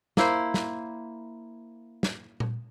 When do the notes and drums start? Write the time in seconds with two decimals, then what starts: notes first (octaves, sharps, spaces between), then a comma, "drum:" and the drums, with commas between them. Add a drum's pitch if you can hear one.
0.17 A#3 E4 C5, drum: snare
0.54 drum: snare
2.03 drum: snare
2.40 drum: tom A#2